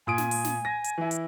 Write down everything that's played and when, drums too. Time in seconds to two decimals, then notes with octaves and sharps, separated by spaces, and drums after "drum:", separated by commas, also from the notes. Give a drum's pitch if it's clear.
0.07 A#2 G#5 D#6 D7
0.18 drum: snare
0.31 drum: open hi-hat
0.44 drum: snare
0.65 A#6
0.84 drum: hi-hat
0.98 E3 E4
1.11 drum: hi-hat